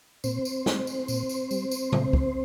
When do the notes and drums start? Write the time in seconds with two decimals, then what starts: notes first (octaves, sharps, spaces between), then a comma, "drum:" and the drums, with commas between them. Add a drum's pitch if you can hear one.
0.24 A#2 C4 C5, drum: tambourine
0.45 drum: tambourine
0.66 G3, drum: snare
0.87 drum: tambourine
1.08 A#2, drum: tambourine
1.29 drum: tambourine
1.51 G3, drum: tambourine
1.71 drum: tambourine
1.92 A#2, drum: tom C#3
2.13 drum: kick